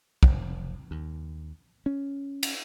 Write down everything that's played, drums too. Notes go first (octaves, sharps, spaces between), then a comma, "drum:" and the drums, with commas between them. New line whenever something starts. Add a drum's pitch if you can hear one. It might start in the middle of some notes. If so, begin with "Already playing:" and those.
F1, drum: kick
D#2
C#4
drum: cymbal